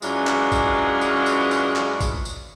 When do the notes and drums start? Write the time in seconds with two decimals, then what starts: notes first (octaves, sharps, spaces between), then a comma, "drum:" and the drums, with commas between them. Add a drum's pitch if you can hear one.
0.02 F#2 E3 G#3 C#4 D4 F4, drum: tambourine
0.27 drum: clap
0.52 drum: kick G#1, tambourine
1.01 drum: tambourine
1.26 drum: tambourine
1.51 drum: tambourine
1.76 drum: clap
2.01 drum: kick G#1, tambourine
2.25 drum: tambourine